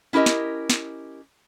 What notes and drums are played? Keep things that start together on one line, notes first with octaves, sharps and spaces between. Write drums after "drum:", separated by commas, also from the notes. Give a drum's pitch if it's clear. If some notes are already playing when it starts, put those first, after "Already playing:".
C#4 E4 G4 A#4 D#5
drum: snare
drum: snare